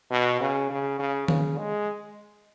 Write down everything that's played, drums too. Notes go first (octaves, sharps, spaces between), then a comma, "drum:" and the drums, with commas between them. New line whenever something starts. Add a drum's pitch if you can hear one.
B2
C#3
C#3
C#3
C#3, drum: tom D#3
G#3